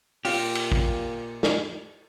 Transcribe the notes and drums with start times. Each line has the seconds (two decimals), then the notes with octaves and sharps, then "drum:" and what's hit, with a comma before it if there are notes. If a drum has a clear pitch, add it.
0.25 A#2 F4 G4, drum: open hi-hat
0.55 drum: cymbal
0.72 drum: kick
1.43 drum: snare